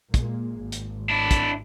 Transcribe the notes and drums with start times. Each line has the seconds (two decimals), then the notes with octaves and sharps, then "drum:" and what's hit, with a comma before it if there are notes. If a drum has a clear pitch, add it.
0.14 A#2 G#3 A#3, drum: kick, hi-hat
0.60 G#1
0.72 drum: hi-hat
1.10 D4 E4
1.31 drum: kick, hi-hat